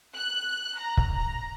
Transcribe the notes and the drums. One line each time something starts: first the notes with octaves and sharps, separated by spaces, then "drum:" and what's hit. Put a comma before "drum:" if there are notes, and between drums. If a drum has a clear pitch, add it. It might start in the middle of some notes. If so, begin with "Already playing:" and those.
F#6
A#5
drum: kick
A#5